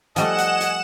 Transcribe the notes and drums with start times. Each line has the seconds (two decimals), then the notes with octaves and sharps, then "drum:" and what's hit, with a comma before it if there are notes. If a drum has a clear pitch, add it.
0.16 F3 G3 A3 D#5 F#5 G#5 E7, drum: hi-hat
0.38 drum: hi-hat
0.61 drum: hi-hat